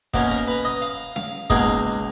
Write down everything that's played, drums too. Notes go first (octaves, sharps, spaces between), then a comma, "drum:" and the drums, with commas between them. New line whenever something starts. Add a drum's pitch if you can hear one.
B2 A#3 C#4, drum: kick
A#4
B4
D#5
F5
F5, drum: snare C#4
C#2 B2 A#3 D#4 G#4, drum: kick